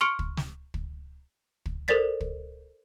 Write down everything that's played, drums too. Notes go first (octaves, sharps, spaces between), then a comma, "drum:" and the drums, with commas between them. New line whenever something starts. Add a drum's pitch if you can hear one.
C6 C#6 F6 C#7 D7
drum: kick
drum: snare
drum: kick
drum: kick
A4 A#4 C5 D5 A6 B6
drum: kick